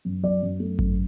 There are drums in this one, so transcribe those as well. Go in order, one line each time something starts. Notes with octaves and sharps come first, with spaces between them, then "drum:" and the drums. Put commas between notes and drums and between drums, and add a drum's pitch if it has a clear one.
F#2
F#3 D5
F#2
A3
F#2, drum: kick G#1